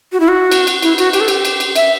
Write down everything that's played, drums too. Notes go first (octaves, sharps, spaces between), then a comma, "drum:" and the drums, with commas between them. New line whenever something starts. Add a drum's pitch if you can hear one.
F#4
E4
F#4
drum: cymbal
drum: cymbal
E4, drum: cymbal
F#4, drum: cymbal
G4, drum: cymbal
A4
G4, drum: cymbal
drum: cymbal
drum: cymbal
E5, drum: cymbal